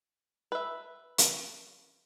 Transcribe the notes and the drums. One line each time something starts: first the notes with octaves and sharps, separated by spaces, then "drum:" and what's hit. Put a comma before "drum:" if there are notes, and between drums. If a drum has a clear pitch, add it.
B4 E5
drum: hi-hat